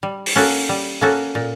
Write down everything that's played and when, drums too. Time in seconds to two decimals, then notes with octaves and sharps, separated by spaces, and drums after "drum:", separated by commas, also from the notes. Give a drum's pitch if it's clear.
0.03 G3
0.26 drum: open hi-hat
0.36 A#3 C#4 F#4 A4
0.69 G3
1.01 A#3 C#4 F#4 A4
1.35 A#2